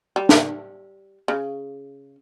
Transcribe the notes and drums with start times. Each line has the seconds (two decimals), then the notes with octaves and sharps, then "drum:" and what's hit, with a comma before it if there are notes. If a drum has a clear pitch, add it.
0.16 G3
0.29 drum: snare
1.28 C#3